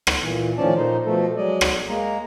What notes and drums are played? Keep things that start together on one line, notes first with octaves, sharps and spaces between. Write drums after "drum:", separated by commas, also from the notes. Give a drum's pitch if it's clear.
drum: rim click
A#2 E3
A2 D#3 F3 C#4 D5 A5
A#2 D#4 C5
B2 F3 A3 A4
F#3 G#3 D5 D#5
drum: rim click
G#3 A#3 A#5